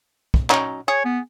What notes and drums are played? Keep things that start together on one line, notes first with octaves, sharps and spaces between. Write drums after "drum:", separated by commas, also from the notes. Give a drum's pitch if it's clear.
drum: kick
F#3 C#4 D#4, drum: clap
G#4 C#5
B3